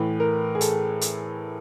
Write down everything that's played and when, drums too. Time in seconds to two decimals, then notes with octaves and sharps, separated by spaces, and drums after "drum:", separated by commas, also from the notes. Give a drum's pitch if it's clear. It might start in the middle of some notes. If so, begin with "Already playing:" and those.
Already playing: A2 E3 B4
0.20 A#4
0.55 G#4
0.61 A4, drum: hi-hat
1.01 drum: hi-hat